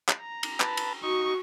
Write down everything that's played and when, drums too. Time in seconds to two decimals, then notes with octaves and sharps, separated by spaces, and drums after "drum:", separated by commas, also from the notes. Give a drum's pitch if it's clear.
0.09 drum: clap
0.21 A#5
0.43 drum: cymbal
0.60 B4 A5, drum: clap
0.77 drum: cymbal
1.03 D#4 F#4 C#6